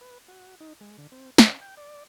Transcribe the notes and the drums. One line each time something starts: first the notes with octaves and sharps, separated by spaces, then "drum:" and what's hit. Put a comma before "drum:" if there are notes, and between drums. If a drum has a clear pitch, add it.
B4
F#4
D#4
G#3
D3
C4
C#4, drum: snare
G5
D5